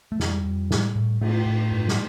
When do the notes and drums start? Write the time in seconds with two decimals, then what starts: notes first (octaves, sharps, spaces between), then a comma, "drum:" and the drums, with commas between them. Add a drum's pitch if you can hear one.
0.12 A3
0.20 F2 G3, drum: snare
0.45 F2
0.71 A2, drum: snare
0.95 A2
1.21 A2 A3, drum: cymbal
1.46 A2
1.71 G2, drum: cymbal
1.88 drum: snare